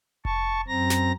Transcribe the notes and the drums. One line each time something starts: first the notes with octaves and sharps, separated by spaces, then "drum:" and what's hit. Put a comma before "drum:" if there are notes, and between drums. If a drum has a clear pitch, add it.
A5 C#6, drum: kick F1
F#2 C4 A#5 A#6
drum: snare